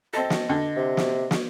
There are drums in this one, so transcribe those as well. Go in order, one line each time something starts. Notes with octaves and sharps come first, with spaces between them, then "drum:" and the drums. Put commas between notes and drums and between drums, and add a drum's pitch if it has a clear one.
C4 A4 D#5
drum: snare
D3
C3
drum: snare
drum: snare